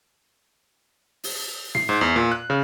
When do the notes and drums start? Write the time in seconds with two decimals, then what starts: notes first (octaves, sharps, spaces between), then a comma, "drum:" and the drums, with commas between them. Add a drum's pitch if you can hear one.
1.24 drum: open hi-hat
1.75 C7, drum: tom
1.89 G#2
2.01 E2
2.16 A#2
2.32 F#6
2.50 C#3